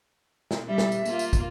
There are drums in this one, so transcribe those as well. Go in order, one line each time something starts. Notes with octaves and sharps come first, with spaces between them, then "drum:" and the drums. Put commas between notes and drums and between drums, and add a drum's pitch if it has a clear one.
drum: snare
G3 E5
drum: snare
drum: tambourine
A#3 F4, drum: tambourine
drum: tambourine
drum: kick, tambourine